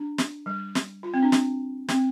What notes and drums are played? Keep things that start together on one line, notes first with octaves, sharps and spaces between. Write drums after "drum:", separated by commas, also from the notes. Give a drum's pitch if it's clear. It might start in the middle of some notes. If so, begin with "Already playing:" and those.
Already playing: D4
drum: snare
G3
drum: snare
F4
C4
D4
drum: snare
C4, drum: snare